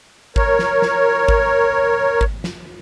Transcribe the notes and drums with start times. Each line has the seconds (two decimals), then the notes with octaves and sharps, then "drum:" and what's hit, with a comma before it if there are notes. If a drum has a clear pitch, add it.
0.36 A#4 C#5, drum: kick G#1
0.59 drum: snare
0.82 drum: snare
1.28 drum: kick G#1
2.21 drum: kick G#1
2.44 drum: snare